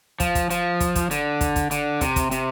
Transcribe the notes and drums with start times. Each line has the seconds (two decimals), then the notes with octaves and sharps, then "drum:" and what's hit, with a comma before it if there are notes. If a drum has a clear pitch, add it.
0.20 F3, drum: kick, hi-hat
0.35 drum: kick, hi-hat
0.50 F3, drum: hi-hat
0.80 drum: kick, hi-hat
0.95 drum: kick, hi-hat
1.11 D3, drum: hi-hat
1.41 drum: kick, hi-hat
1.56 drum: kick, hi-hat
1.71 D3, drum: hi-hat
2.01 C3, drum: kick, hi-hat
2.16 drum: kick, hi-hat
2.31 C3, drum: hi-hat